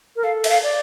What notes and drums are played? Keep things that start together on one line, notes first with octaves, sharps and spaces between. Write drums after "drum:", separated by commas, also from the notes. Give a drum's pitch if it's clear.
A#4
A4 F5
E5, drum: cymbal
F5
D5